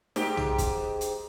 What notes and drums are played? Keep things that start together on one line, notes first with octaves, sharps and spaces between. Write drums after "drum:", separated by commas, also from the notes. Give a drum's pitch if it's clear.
G#2 G4, drum: snare
drum: tom
drum: kick, hi-hat
drum: hi-hat